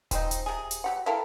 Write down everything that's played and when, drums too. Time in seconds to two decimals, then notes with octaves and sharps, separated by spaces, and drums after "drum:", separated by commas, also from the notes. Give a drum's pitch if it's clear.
0.11 C#3 F3 C4 D#4, drum: kick D#1, hi-hat
0.31 drum: hi-hat
0.46 C3 G#4
0.71 drum: hi-hat
0.84 F#3 G4 F#5
1.06 E4 A4 A#4 E5 F5 G5